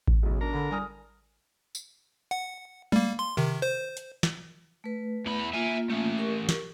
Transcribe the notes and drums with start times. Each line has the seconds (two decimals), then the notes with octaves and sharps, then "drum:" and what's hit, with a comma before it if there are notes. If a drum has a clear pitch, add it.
0.08 drum: kick A1
0.23 B1 F#2 C#3
0.41 D4 A#4 A#5
0.53 D3 B5
0.71 G3 G#5 D#6 F6
1.75 drum: tambourine
2.31 F#5
2.92 G3 A#3, drum: tom G#3
3.19 C6
3.37 C3 D#3
3.62 C5
3.97 drum: hi-hat
4.23 drum: snare
4.84 A3 B4
5.26 E2 B5
5.54 A#3 F4 E5 G#5
5.90 A3 C#4
6.17 G4 A#4 C#6
6.49 drum: snare